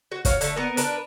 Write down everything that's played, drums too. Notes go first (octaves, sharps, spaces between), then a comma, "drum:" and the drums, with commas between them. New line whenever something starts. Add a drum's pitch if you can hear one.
F#4
F#4 C#5 F5, drum: kick, hi-hat
D3 A3, drum: hi-hat
B3 A#4
D4 A#4 B4, drum: hi-hat